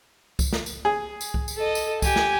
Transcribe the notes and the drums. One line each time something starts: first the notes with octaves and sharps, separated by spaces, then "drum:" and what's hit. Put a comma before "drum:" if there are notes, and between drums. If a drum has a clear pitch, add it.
drum: kick C2, tambourine
drum: snare
drum: tambourine
G#4
drum: tambourine
drum: kick C2
drum: tambourine
A4 D#5
drum: tambourine
G4 G#5, drum: kick C2, tambourine
drum: snare